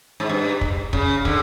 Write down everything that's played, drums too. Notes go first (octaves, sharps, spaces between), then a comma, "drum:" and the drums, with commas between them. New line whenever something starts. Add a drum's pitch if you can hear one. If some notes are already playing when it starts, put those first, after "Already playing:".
G#2
G2
drum: kick
C#3, drum: kick
D3, drum: kick